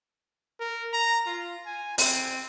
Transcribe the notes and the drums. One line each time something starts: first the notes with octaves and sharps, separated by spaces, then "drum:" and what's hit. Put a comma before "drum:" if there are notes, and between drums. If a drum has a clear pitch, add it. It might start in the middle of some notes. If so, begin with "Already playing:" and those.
A#4
A#5
F4
G#5
C4, drum: open hi-hat